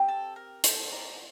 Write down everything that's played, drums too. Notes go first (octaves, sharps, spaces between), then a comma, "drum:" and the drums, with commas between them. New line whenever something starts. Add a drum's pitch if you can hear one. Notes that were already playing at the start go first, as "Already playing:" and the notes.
Already playing: C4 G4
A4
A#4
A4 C5, drum: hi-hat
A#4 D5